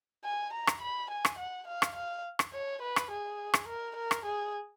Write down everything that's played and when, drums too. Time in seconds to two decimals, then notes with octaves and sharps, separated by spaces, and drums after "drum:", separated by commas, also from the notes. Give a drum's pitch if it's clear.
0.24 G#5
0.53 A#5
0.67 drum: rim click
0.82 B5
1.10 G#5
1.25 drum: rim click
1.39 F#5
1.68 F5
1.82 drum: rim click
1.96 F5
2.39 drum: rim click
2.53 C#5
2.82 B4
2.96 drum: rim click
3.11 G#4
3.54 drum: rim click
3.68 A#4
3.96 A#4
4.11 drum: rim click
4.26 G#4